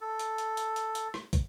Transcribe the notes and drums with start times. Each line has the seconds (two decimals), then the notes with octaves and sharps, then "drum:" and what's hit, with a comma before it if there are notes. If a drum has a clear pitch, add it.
0.01 A4
0.19 drum: hi-hat
0.38 drum: hi-hat
0.57 drum: hi-hat
0.76 drum: hi-hat
0.95 drum: hi-hat
1.14 drum: rim click
1.33 drum: kick, hi-hat